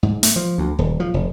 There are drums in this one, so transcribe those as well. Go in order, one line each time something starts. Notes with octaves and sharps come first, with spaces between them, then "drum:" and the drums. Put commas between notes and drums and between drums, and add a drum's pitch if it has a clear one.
G#2
A3, drum: hi-hat
F3
D2
D#1
F3
F1